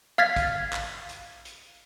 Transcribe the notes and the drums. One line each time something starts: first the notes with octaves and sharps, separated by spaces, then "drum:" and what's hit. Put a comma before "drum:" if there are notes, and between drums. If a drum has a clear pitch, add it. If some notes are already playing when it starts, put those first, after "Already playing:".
F5 F6 G#6 A6 B6
drum: kick, hi-hat
drum: clap
drum: hi-hat
drum: hi-hat